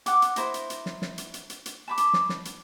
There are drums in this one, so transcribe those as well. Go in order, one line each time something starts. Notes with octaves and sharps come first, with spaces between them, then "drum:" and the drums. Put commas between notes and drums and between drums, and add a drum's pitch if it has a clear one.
F#5 D6, drum: hi-hat
drum: hi-hat
E4 C5 D#5 A#5, drum: hi-hat
drum: hi-hat
drum: hi-hat
drum: snare
drum: snare
drum: hi-hat
drum: hi-hat
drum: hi-hat
drum: hi-hat
A5 B5 D6
drum: hi-hat
drum: snare
drum: snare
drum: hi-hat